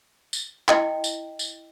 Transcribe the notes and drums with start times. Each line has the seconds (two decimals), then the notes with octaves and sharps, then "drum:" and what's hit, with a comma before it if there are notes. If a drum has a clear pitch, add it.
0.33 drum: tambourine
0.68 E4 D#5 G5, drum: clap
1.04 drum: tambourine
1.39 drum: tambourine